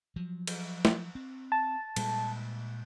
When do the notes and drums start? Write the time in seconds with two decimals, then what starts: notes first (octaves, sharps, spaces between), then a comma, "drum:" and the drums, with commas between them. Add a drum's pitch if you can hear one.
0.16 F3 F#3
0.47 drum: cymbal
0.85 drum: snare
1.15 C4
1.52 A5
1.96 A#2 G3 G#3, drum: cymbal